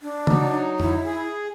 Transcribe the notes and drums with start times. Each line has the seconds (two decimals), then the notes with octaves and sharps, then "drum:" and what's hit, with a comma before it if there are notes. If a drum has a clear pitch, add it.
0.01 D4
0.27 F#3 D#4, drum: tom C#3
0.80 E4, drum: tom F2
1.05 G#4